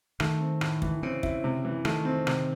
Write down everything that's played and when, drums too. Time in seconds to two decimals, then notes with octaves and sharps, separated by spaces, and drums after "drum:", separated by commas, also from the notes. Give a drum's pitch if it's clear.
0.20 D#3 A3, drum: rim click
0.40 C4
0.61 A2, drum: rim click
0.82 E3, drum: kick
1.03 C#3 C4
1.23 E4, drum: kick
1.44 C3
1.65 E3
1.85 D#3 A3, drum: rim click
2.05 C4
2.27 C3, drum: rim click